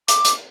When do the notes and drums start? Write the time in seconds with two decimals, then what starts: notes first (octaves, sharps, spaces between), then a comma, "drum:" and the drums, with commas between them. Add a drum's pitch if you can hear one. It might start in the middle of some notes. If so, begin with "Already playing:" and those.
0.08 D6, drum: hi-hat
0.25 drum: hi-hat